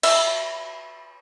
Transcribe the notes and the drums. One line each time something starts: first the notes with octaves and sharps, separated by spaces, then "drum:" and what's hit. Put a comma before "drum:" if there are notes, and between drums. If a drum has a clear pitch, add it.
E5, drum: cymbal